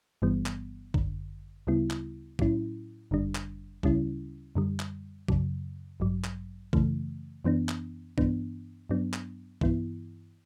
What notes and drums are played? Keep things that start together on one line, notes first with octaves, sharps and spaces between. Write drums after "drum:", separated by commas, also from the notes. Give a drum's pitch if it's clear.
G1 G2 E3 G3 B3
drum: clap
G1 F#2 D3, drum: kick A#1
D2 C#3 G3 B3 E4
drum: clap
A2 F#3 C#4 E4, drum: kick A#1
G1 F#2 D3 G3 D4
drum: clap
D2 C#3 G3 C#4 E4, drum: kick A#1
F#2 D3 G3
drum: clap
F#2 C#3 F#3, drum: kick A#1
A1 G2 F#3
drum: clap
F#2 C#3 E3 A3, drum: kick A#1
F#2 E3 B3 D4
drum: clap
G2 E3 B3 D4, drum: kick A#1
G2 F#3 B3 D4
drum: clap
G2 E3 B3 E4, drum: kick A#1